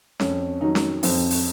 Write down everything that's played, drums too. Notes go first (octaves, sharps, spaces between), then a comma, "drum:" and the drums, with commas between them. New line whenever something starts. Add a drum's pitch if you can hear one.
F2 C#4, drum: snare C#4
D#3 F#3 D#4
drum: snare C#4
F2 C4, drum: open hi-hat
drum: open hi-hat